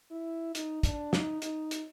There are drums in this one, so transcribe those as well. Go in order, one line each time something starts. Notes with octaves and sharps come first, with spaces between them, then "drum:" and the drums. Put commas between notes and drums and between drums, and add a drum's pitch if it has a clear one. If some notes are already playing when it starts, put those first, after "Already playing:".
E4
D#4, drum: hi-hat
D4, drum: kick, hi-hat
D#4, drum: snare
D#4, drum: hi-hat
drum: hi-hat